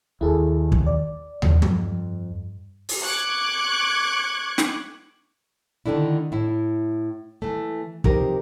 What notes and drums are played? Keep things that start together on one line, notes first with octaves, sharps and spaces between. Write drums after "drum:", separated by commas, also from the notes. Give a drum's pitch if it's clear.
D#2 E4 G#4 A4
drum: kick
D5
F2, drum: tom
G2, drum: tom
drum: open hi-hat
C#6 D6 F#6 G#6
drum: snare
D3 D#3 A3 D4 E4
A2 E4
E3 A3
C3 F3 D#4 G4 A#4, drum: kick